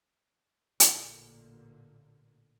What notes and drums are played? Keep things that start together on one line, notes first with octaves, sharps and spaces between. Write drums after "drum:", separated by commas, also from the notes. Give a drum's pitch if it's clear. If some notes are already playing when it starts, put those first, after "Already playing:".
A1 A#2 D3 A#3, drum: hi-hat